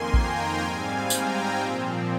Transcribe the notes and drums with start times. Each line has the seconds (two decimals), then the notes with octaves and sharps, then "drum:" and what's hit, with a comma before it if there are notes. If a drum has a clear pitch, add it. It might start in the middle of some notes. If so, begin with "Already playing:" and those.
Already playing: F2 D#3 A#3 G#5 C6
0.14 G5 A#5, drum: kick A#1
0.62 G#2 G3 C4 F5 G#5
1.10 G5 A#5, drum: tambourine
1.58 A#2 F3 C4